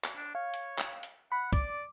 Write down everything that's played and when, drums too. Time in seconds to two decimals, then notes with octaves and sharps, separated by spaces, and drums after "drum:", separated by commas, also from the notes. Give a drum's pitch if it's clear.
0.04 drum: clap
0.16 D4
0.35 C#5 F5
0.54 drum: hi-hat
0.78 drum: clap
1.03 drum: hi-hat
1.32 F#5 B5
1.53 D5 D6, drum: kick, hi-hat